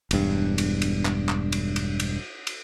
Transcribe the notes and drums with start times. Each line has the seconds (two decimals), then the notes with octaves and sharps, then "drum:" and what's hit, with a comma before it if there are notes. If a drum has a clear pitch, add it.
0.11 E1 G2, drum: cymbal
0.58 drum: cymbal
0.82 drum: cymbal
1.05 drum: clap
1.29 drum: clap
1.52 drum: cymbal
1.76 drum: cymbal
2.00 drum: cymbal
2.47 drum: cymbal